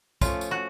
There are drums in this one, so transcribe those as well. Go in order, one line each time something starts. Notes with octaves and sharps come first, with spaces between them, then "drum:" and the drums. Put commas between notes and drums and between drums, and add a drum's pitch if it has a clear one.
F3 A3 C#4 F4, drum: kick, tambourine
drum: tambourine
F#4